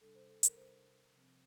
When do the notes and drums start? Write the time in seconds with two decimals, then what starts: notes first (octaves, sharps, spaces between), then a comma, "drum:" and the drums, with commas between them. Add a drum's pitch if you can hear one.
0.01 C3 G3 D4 A4
0.15 C5
0.29 A4
0.43 A#4, drum: hi-hat
0.57 C3 G3 D4 C5
1.13 C3 F3 C4